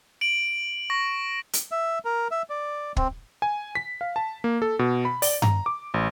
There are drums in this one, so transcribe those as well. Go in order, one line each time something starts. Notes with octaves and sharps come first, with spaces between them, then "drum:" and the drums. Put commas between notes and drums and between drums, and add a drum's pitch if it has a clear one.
D7 F#7
C#6 A#6
drum: hi-hat
E5
A#4
E5
D5
C4, drum: kick
G#5
B6
F5
A5
A#3
A4
B2
B5
D5, drum: open hi-hat
A#5, drum: tom G2
D6
A1